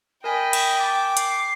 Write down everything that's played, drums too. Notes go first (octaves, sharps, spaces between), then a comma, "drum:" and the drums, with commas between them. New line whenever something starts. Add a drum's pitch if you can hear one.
A#4 D#5 G5 G#5 B5
drum: cymbal
A5 D6
C7, drum: hi-hat